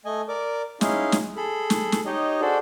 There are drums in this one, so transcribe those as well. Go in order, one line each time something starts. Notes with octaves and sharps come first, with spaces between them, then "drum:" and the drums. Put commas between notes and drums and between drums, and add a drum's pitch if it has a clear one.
A3 D#5 G#5
A#4 D5 D6
C#4 D#4 E4 G#4 F5 C6, drum: snare
drum: snare
G#4 A4 B5
drum: snare
drum: snare
D#4 G4 C#5 D#5
D4 F#4 G#4 A4 C5 D5